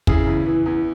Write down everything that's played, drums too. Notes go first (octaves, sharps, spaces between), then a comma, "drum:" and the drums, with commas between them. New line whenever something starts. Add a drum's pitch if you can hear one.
C#3 E4 G#4, drum: kick
E2
E3
E2